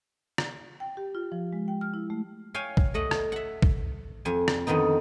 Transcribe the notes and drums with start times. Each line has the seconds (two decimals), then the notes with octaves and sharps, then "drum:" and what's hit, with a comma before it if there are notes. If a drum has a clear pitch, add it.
0.38 drum: rim click
0.80 G5
0.97 G4
1.15 F4
1.32 F3
1.53 G#3
1.68 G5
1.81 F6
1.94 E4
2.10 A3
2.54 C#5 F5 G5 G#5
2.77 drum: kick
2.94 A3 D#5 F#5
3.11 drum: rim click
3.32 E5 F#5
3.62 drum: kick
4.25 F2 G#5
4.48 drum: rim click
4.67 F2 D3 D#3 B3 D#4